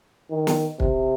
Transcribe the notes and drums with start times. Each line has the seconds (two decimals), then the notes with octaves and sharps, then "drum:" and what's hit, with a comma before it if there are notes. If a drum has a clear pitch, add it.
0.30 D#3
0.47 drum: snare
0.80 C3, drum: kick